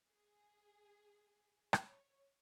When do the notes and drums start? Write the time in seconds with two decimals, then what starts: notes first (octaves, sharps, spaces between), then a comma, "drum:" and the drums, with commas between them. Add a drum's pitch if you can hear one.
0.12 G#4
1.73 C#5, drum: rim click